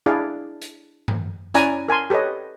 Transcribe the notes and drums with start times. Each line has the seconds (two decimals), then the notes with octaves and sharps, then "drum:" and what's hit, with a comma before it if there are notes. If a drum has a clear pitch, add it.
0.06 D4 E4 G#4 D5 F5
0.62 drum: hi-hat
1.08 drum: tom G2
1.54 C#4 E4 D5 G#5 A#5 B5, drum: hi-hat
1.88 A#4 G#5 A5 C6
2.10 G4 A4 B4 C#5 D#5